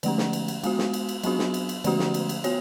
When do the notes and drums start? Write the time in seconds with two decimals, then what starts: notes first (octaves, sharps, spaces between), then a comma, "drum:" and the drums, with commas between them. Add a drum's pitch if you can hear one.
0.03 D3 F3 A3 C#4, drum: cymbal
0.18 drum: snare
0.33 drum: cymbal
0.48 drum: cymbal
0.64 G#3 B3 F#4, drum: cymbal
0.78 drum: snare
0.93 drum: cymbal
1.09 drum: cymbal
1.23 F#3 B3 D4 F#4, drum: cymbal
1.39 drum: snare
1.54 drum: cymbal
1.69 drum: cymbal
1.84 D3 F3 A3 C#4 F#4, drum: cymbal
1.99 drum: snare
2.14 drum: cymbal
2.29 drum: cymbal
2.44 B3 F#4 C#5, drum: cymbal